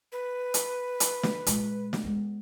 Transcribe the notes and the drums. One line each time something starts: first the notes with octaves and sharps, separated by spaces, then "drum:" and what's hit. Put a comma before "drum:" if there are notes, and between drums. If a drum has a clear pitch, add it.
B4
drum: hi-hat
drum: hi-hat
drum: snare
A#2 G#3, drum: hi-hat
drum: snare
G#3 B3